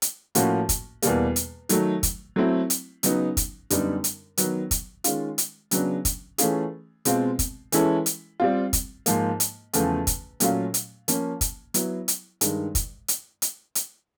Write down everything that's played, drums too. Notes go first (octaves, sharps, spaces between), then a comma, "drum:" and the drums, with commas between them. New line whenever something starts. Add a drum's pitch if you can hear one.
drum: hi-hat
A2 F3 A#3 C#4 F#4, drum: hi-hat
drum: kick, hi-hat
E2 B2 G3 A#3, drum: hi-hat
drum: hi-hat
D#3 F#3 A3, drum: hi-hat
drum: kick, hi-hat
F#3 A3 C4 E4
drum: hi-hat
C#3 F#3 B3 D#4, drum: hi-hat
drum: kick, hi-hat
F#2 D3 G3 B3 D#4, drum: hi-hat
drum: hi-hat
D#3 F#3 B3, drum: hi-hat
drum: kick, hi-hat
D#3 G#3 C#4 F4, drum: hi-hat
drum: hi-hat
C#3 F#3 B3 D4, drum: hi-hat
drum: kick, hi-hat
E3 A3 C#4 F4 G#4, drum: hi-hat
B2 G#3 C4 F4, drum: hi-hat
drum: kick, hi-hat
E3 G#3 C#4 E4 A4, drum: hi-hat
drum: hi-hat
G3 C4 F4
drum: kick, hi-hat
G#2 F3 A#3, drum: hi-hat
drum: hi-hat
E2 C#3 F3 A3, drum: hi-hat
drum: kick, hi-hat
A#2 F#3 A3 C#4 F4, drum: hi-hat
drum: hi-hat
F3 A#3 C#4, drum: hi-hat
drum: kick, hi-hat
F#3 B3 E4, drum: hi-hat
drum: hi-hat
G2 D#3 G#3, drum: hi-hat
drum: kick, hi-hat
drum: hi-hat
drum: hi-hat
drum: hi-hat